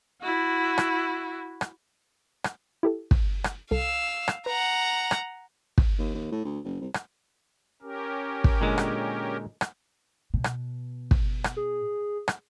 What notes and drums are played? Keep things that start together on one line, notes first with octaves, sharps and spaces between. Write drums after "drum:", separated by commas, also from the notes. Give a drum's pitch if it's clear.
E4 F#4
drum: rim click
drum: rim click
drum: rim click
E4 G4 A4
drum: kick
drum: rim click
C2 A4 F5 E6
drum: rim click
B4 F#5 A#5
drum: rim click
drum: kick
D#2
D#2
A2
D2
F#1
C2
drum: rim click
C#4 G4 A#4
drum: kick
A#2 D3 G#3
drum: rim click
drum: rim click
B2
drum: rim click
drum: kick
drum: rim click
G#4
drum: rim click